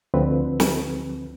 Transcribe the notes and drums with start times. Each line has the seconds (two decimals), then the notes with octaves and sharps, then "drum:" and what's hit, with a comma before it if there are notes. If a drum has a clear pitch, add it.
0.14 D2 D3 F3 C4 B4
0.60 drum: snare